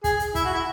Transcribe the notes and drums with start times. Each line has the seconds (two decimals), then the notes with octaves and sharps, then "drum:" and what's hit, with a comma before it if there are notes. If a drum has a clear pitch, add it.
0.04 G#4, drum: kick, hi-hat
0.19 drum: hi-hat
0.35 E4, drum: kick, hi-hat
0.44 F#4
0.54 E4